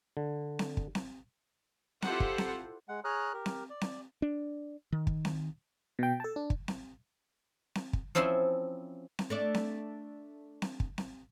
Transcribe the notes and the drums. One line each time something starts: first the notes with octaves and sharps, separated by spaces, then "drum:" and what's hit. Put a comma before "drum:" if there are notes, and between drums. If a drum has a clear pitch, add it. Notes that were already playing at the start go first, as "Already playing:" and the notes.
D3
drum: snare C4
drum: kick
drum: snare C4
E4 F4 G4 A4 C5 F#5, drum: snare C4
drum: kick
drum: snare C4
G#3 F#5
G#4 C#5 A#5 D#6 F6 F#6
G4 A#4
drum: snare C4
D5
drum: snare C4
D4
D#3
drum: kick
drum: snare C4
B2 G5
A4 A5
D4
drum: kick
drum: snare C4
drum: snare C4
drum: kick
F3 C4 C#4 E4 G#5 C6
drum: snare C4
A3 D4 D5
drum: snare C4
drum: snare C4
drum: kick
drum: snare C4